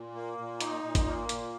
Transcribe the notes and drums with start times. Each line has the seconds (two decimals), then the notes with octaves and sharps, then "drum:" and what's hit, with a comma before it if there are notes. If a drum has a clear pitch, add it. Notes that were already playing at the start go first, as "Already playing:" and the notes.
Already playing: A#2
0.15 A#3
0.38 A#2
0.61 D#4, drum: hi-hat
0.84 A#2
0.95 drum: kick A1, hi-hat
1.06 A#3
1.29 A#2, drum: hi-hat